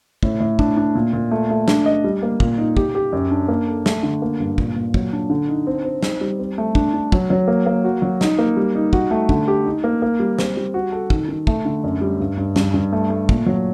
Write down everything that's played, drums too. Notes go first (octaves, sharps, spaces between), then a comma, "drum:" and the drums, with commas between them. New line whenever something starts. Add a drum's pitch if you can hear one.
A2, drum: kick
A2
D4, drum: kick
D4
A#2
A#2
A3
A3
D4, drum: snare
D#5
G3
A#3
A#2, drum: kick
D#4
G4, drum: kick
G4
F#2
D4
A#3
A4
A3, drum: snare
D3
A#3
G2
A#2, drum: kick
A#2
F#3, drum: kick
D4
D3
D#4
C4
C4
D#4, drum: snare
G3
C4
A3
D4, drum: kick
D4
F#3, drum: kick
F#3
A#3
A#3
F#4
F#3
D#4, drum: snare
A#3
G3
D#4
F#4, drum: kick
A3
D3, drum: kick
G4
D#4
A#3
A#3
G3
C4, drum: snare
G3
F#4
A4
D#3, drum: kick
D#3
A3, drum: kick
D3
F#2
G3
G2
G2
G2, drum: snare
G2
A3
A3
A#2, drum: kick
F#3